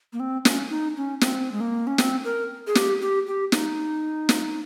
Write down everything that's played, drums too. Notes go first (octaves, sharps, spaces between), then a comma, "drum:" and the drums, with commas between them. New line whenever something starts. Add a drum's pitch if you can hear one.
A#3
C4
C#4, drum: snare
D#4
C#4
C4, drum: snare
G#3
A#3
C#4
C4, drum: snare
A#4
G#4
G4, drum: snare
G4
G4
D#4, drum: snare
drum: snare